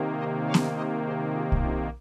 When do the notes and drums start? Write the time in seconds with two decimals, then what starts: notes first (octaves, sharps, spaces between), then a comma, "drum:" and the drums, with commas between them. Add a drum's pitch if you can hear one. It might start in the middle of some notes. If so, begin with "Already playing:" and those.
Already playing: C3 D#3 A#3
0.15 C5 D#5
0.44 C#5 F5
0.54 drum: snare B3
0.73 C5 D#5
1.03 G#4 C5
1.32 F4 G#4
1.52 drum: kick
1.61 C#4 F4